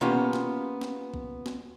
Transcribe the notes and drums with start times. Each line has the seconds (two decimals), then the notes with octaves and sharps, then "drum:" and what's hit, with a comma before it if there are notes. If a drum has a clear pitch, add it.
0.01 A#3 B3 C#4 F4 G4, drum: tom B2
0.33 drum: snare
0.81 drum: snare
1.14 drum: kick
1.46 drum: snare